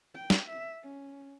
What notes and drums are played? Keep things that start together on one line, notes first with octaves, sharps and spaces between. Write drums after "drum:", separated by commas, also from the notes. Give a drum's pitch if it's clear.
G5
drum: snare
E5
C#4